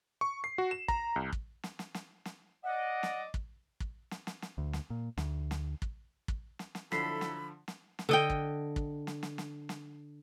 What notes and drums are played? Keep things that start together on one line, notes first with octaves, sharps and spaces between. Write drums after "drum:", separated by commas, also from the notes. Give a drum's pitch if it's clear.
C#6
C7
F#4
E7
A#5, drum: kick
C2
drum: kick
drum: snare
drum: snare
drum: snare
drum: snare
D5 D#5 F#5
drum: snare
drum: kick
drum: kick
drum: snare
drum: snare
drum: snare
D2
drum: snare
A#2
D2, drum: snare
drum: snare
drum: kick
drum: kick
drum: snare
drum: snare
D3 F3 F#3 E4 A4 B5 B6 C7, drum: snare
drum: snare
drum: snare
drum: snare
D3 D#5 G5
drum: kick
drum: kick
drum: snare
drum: snare
drum: snare
drum: snare